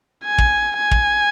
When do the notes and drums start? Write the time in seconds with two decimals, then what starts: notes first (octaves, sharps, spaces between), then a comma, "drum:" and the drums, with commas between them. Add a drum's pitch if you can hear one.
0.25 G#5
0.38 drum: kick
0.78 G#5
0.91 drum: kick